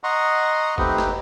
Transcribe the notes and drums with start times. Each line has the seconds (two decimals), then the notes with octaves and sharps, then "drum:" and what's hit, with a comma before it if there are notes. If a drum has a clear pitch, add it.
0.04 D#5 F#5 A#5 C6 C#6 D#6
0.78 A3 C4 D#4 G4 B4, drum: kick
0.98 drum: rim click